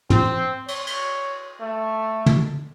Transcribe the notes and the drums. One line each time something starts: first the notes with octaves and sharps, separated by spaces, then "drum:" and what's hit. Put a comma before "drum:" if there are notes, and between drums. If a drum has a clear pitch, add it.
C4, drum: tom
C#5, drum: cymbal
drum: cymbal
A3
drum: tom